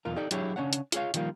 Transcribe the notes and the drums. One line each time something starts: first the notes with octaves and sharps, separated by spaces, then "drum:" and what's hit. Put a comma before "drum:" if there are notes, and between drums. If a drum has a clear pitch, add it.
B1 E2 F4 A#4
D#4 G4 A4 D5
F#3 D4 E4 G4 G#4 C#5, drum: hi-hat
C#3 C#4 D4 C#5 F#5
drum: hi-hat
F4 G#4 C#5 F5, drum: hi-hat
D#3 F3 G3 A#3 F4, drum: hi-hat